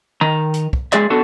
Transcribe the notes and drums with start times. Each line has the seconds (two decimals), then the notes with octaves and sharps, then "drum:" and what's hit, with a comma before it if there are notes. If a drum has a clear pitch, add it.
0.21 D#3 A#5
0.54 drum: hi-hat
0.73 drum: kick
0.92 G#3 G#4 D5 E5, drum: clap
1.10 B3 D4 F#4 A4